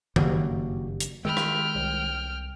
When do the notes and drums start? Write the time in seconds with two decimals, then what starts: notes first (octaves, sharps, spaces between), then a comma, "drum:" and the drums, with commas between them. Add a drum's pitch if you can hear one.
0.16 F#1 G2 D#3 A#3 F#4 G4, drum: tom D#3
1.00 drum: hi-hat
1.25 D#3 G#3 G5 B5 E6 F6
1.37 drum: rim click
1.75 C2